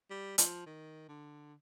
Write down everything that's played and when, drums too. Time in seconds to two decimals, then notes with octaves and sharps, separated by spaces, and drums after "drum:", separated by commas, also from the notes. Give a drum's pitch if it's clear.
0.11 G3
0.38 F3, drum: hi-hat
0.66 D#3
1.09 D3